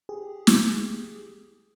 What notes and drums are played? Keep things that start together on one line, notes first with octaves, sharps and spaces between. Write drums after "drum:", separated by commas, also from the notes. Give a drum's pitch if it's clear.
G4 G#4
drum: snare